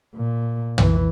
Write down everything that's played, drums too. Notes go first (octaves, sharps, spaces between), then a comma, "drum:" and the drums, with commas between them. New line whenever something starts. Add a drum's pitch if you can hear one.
A#2
E3, drum: tom